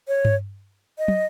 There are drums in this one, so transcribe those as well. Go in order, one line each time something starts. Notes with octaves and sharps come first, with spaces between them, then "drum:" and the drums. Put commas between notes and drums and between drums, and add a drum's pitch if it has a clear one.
C#5
drum: tom G2
D#5
drum: tom